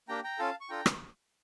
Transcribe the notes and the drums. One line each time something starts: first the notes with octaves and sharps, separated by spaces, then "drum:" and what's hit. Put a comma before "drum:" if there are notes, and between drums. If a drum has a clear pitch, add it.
A#3 D4 G4 G5 A#5
G5 A#5
C#4 F4 A4 F5 A5
C#6
D4 F4 A4 G5 A#5
drum: rim click